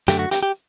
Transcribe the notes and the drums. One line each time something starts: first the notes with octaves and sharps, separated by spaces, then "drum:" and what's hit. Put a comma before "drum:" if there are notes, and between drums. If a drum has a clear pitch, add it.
F#2 D3 A3 G4, drum: hi-hat
F#4
G4, drum: hi-hat
G4